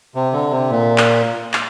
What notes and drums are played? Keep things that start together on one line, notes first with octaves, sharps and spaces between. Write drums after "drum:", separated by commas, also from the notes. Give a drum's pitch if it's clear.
C3
D3
C3
A#2
drum: clap
drum: clap